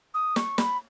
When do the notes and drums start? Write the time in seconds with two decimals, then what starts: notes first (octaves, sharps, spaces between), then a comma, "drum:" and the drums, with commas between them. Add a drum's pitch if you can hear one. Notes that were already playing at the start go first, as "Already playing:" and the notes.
0.14 D#6
0.36 C#6, drum: snare
0.58 B5, drum: snare